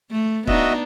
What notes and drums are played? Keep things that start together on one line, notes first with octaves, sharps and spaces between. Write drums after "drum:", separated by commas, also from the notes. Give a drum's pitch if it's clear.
A3
B3 D4 D#4 F#4 D#5 E5, drum: kick